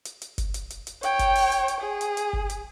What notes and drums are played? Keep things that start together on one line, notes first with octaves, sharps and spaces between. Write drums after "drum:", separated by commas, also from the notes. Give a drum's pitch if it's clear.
drum: hi-hat
drum: hi-hat
drum: kick F#1, hi-hat
drum: hi-hat
drum: hi-hat
drum: hi-hat
C#5 G5, drum: hi-hat
drum: kick F#1, hi-hat
drum: open hi-hat
drum: hi-hat
drum: hi-hat
G#4
drum: hi-hat
drum: hi-hat
drum: kick F#1
drum: hi-hat